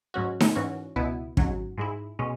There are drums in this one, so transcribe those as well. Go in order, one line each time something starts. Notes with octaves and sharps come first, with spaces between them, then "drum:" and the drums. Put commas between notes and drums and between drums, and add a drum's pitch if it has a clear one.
G#2 F#3 C#4 F#4
drum: snare D#4
G#2 E3 C#4 F#4
C#2 B2 B3 E4
G#1 G#2 F#3 C#4, drum: kick
G#2 G#3 E4
B2 G#3 C#4